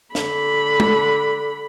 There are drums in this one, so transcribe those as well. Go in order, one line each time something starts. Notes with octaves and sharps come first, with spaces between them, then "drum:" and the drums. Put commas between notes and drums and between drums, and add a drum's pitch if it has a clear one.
D3 B5, drum: snare
drum: tom